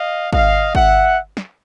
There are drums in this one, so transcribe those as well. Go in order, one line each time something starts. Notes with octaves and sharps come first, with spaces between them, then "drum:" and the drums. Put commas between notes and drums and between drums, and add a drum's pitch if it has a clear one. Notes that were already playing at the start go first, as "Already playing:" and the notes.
Already playing: D#5 F5
D#5 F5, drum: kick
E5 F#5, drum: kick
drum: snare